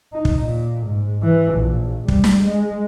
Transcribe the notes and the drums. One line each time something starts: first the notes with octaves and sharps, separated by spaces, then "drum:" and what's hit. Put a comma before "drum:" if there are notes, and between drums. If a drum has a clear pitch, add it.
D#4
drum: kick
A#2
G#2
E3
A#1
G3, drum: kick
drum: snare
G#3